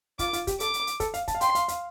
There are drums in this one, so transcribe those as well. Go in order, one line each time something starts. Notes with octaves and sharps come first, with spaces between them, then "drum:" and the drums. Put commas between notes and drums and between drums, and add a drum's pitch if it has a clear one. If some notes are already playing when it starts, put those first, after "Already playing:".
F4 D6, drum: kick, hi-hat
F4, drum: hi-hat
G4, drum: kick, hi-hat
A4 D6, drum: hi-hat
drum: hi-hat
drum: hi-hat
A4, drum: kick, hi-hat
F5, drum: hi-hat
A5, drum: kick, hi-hat
F5
G5 C6, drum: hi-hat
F5, drum: hi-hat
F5, drum: hi-hat